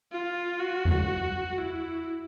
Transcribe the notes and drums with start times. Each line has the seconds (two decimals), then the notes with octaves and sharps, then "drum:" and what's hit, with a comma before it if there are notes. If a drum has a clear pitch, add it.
0.12 F4
0.60 F#4
0.85 drum: tom E2
1.58 E4